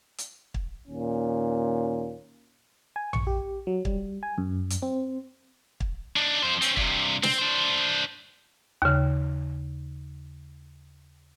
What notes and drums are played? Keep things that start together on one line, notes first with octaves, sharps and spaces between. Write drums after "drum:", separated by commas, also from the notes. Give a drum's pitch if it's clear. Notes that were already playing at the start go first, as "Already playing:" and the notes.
drum: hi-hat
drum: kick
D#2 A#2 C#4
G#5
C#6, drum: tom A#1
G4
F#3
G3, drum: kick
G#5
F#2
drum: hi-hat
C4
drum: kick
D4 D#4
F2 C5
C4 C#4, drum: hi-hat
G2 C3, drum: kick
C4, drum: snare
D4 C5
D#2 C#3